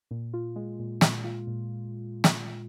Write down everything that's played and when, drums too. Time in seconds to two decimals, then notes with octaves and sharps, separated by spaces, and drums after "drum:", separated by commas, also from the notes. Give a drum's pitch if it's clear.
0.11 A#2
0.34 F4
0.56 G#3
0.79 A#2
1.01 A#2, drum: snare
1.24 F4
1.47 A#2
2.24 drum: snare